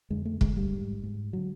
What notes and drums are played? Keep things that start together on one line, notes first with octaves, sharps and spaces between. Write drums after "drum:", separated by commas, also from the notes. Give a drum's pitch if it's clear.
F2 D3 G#3
A3
F2 D3 G#3, drum: kick
G3
G#2
G#2
D3 F#3